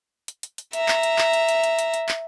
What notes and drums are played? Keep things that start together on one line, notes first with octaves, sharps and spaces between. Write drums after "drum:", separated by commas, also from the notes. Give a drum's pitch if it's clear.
drum: hi-hat
drum: hi-hat
drum: hi-hat
E5 A#5, drum: hi-hat
drum: clap
drum: hi-hat
drum: clap
drum: hi-hat
drum: hi-hat
drum: hi-hat
drum: hi-hat
drum: hi-hat
drum: clap